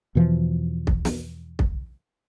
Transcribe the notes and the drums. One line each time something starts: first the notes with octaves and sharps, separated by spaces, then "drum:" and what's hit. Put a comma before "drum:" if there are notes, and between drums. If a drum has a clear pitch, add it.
E2 B2 E3 F3
drum: kick
drum: snare
drum: kick